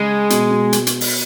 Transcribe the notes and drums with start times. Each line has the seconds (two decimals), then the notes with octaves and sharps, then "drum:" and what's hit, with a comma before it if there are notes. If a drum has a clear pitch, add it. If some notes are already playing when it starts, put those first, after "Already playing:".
Already playing: C#3 G#3
0.30 B2, drum: hi-hat
0.51 B2
0.73 drum: hi-hat
0.87 drum: hi-hat
1.01 drum: open hi-hat